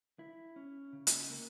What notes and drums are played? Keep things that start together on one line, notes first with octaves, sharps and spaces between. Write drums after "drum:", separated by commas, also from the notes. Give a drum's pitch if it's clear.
E4
C#4
C#3
drum: hi-hat
A#3